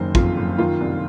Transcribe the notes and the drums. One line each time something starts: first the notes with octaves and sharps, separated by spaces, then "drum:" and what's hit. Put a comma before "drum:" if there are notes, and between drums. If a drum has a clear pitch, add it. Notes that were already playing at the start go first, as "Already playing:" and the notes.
Already playing: F#1 D#3 C5
F2 F4, drum: kick
F#1
D#3 F4
C2